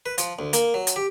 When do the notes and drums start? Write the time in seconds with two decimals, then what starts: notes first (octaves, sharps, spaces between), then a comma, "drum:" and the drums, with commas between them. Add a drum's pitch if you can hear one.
0.06 B4
0.18 F3, drum: hi-hat
0.39 D2
0.53 A#3, drum: hi-hat
0.74 F#3
0.87 drum: hi-hat
0.96 G4